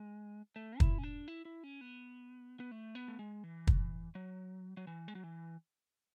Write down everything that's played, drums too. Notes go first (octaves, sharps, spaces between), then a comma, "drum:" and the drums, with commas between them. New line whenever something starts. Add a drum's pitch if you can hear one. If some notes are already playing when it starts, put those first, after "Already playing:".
Already playing: G#3
A3
E4, drum: kick
C#4
D4
E4
E4
C#4
B3
B3
A3
B3
A3
G#3
E3
drum: kick
F#3
F#3
E3
G#3
F#3
E3